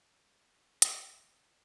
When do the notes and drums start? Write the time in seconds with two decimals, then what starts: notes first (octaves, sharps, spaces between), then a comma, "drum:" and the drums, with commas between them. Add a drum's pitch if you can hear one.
0.16 C3 G3 A#3 A#4
0.49 A#2 G3 A#3 C5
0.82 C3 D#3 G3 G#4, drum: hi-hat
1.15 D#3 A#3 G4